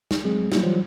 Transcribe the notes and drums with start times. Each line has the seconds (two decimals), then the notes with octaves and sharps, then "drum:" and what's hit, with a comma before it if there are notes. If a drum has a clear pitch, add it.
0.11 drum: snare
0.24 F#3 G#3 C4 G#4
0.52 F#3 G3 A#3 E4 F4 G4, drum: snare
0.63 E3 F#3 G3 F4 C5